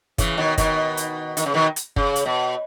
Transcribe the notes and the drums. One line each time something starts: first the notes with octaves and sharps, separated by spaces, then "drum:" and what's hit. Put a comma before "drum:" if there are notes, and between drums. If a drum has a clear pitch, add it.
C#3 E3, drum: kick F#1, hi-hat
B2 D#3
B2 D#3, drum: kick F#1, hi-hat
drum: hi-hat
D#3, drum: hi-hat
C#3
B2 D#3
drum: hi-hat
C#3, drum: kick F#1
drum: hi-hat
B2